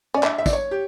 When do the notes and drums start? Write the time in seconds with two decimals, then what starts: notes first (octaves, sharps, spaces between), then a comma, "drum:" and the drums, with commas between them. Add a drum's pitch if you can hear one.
0.14 C#4 D5
0.23 D4 E5, drum: clap
0.38 E5
0.46 D5, drum: kick, tambourine
0.53 C#5
0.71 G4